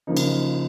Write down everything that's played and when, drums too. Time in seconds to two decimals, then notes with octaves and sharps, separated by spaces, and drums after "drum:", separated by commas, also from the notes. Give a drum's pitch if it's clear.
0.07 C#3 F3 A#3 D#4
0.17 drum: cymbal